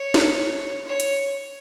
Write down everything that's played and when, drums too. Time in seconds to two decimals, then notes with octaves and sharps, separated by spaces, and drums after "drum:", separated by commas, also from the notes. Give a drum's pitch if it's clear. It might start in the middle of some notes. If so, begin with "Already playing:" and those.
Already playing: C#5
0.14 drum: snare
0.86 C#5
1.00 drum: hi-hat